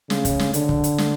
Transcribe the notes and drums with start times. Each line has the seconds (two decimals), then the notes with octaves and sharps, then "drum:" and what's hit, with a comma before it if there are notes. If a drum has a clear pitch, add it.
0.10 C#3, drum: snare
0.25 drum: kick, hi-hat
0.39 drum: snare
0.54 D3, drum: hi-hat
0.69 drum: kick
0.84 drum: hi-hat
0.98 drum: snare